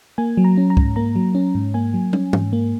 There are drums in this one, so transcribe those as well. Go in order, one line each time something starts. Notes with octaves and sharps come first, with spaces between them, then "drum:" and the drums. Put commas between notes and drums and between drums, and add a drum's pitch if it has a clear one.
A#3 G#5
F#3
A#5
C#4
A#5
G#2, drum: kick C2
A#3 A#5
F#3
C#4
G#2
A#3 G#5
F#3
C#4, drum: tom
G#2, drum: tom
A#3